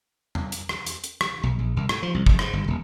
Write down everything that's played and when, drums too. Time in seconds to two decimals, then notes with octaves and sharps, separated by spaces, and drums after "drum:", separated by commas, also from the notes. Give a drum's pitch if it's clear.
0.35 drum: tom E2
0.52 drum: hi-hat
0.69 drum: rim click
0.87 drum: hi-hat
1.04 drum: hi-hat
1.21 drum: rim click
1.43 B1
1.59 A#1
1.76 C2
1.89 A2, drum: rim click
2.03 F3
2.14 C2
2.26 F1, drum: kick
2.39 G#2, drum: rim click
2.53 G1
2.68 D#1